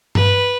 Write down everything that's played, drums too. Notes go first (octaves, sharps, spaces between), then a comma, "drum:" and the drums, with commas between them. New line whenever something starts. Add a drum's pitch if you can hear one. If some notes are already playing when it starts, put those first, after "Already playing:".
B4, drum: tom